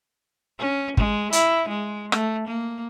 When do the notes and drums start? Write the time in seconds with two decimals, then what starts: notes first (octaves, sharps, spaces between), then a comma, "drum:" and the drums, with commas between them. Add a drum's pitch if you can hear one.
0.59 C#4
0.97 G#3, drum: kick
1.33 E4, drum: hi-hat
1.69 G#3
2.12 A3, drum: rim click
2.47 A#3